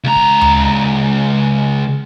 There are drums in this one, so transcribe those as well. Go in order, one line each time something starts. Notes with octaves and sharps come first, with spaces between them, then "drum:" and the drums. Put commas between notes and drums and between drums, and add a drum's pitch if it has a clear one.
C#2 A#5
drum: kick
drum: tom D2